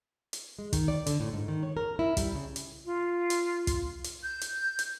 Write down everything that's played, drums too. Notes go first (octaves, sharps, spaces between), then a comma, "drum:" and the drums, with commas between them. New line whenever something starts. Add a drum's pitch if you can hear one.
drum: hi-hat
G#3
D#3, drum: kick, hi-hat
D5
D3, drum: hi-hat
A2
G#2
D#3
C#5
A#4
E4
G3, drum: kick, hi-hat
C#3
drum: hi-hat
F4
drum: hi-hat
drum: kick, hi-hat
drum: hi-hat
G6
drum: hi-hat
drum: hi-hat